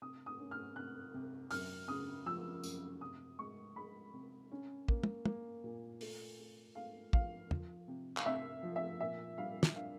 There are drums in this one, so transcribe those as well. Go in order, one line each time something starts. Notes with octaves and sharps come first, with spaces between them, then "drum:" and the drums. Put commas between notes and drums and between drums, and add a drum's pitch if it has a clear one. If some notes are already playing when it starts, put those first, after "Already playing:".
C3 D#6
D#6
C#4
F6
C3 F#6
C3
F#2 F6, drum: open hi-hat
C#3 D#6
F3 E6
F#2, drum: tambourine
C3 D#6
G#3 C#6
G#3 B5
C3
C#4
A#3, drum: kick
drum: tom
A#3, drum: tom
A#2
A3, drum: open hi-hat
A3
A3 F5
F3 F5, drum: kick
F3, drum: tom
C3
F5, drum: clap
C3 E5
F3
E5
A#2 E5
G3 F5
drum: snare
D4 F5